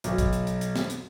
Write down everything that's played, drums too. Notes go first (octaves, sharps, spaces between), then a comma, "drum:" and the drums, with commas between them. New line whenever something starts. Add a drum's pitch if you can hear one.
B1, drum: hi-hat
drum: kick, hi-hat
drum: hi-hat
drum: hi-hat
drum: hi-hat
drum: snare
drum: hi-hat